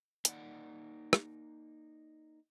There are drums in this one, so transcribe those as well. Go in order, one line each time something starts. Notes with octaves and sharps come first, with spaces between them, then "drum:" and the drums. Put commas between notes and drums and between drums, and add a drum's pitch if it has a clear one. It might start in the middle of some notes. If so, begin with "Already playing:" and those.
A#3 D#4 E4 A#4 D5 F#5, drum: hi-hat
drum: rim click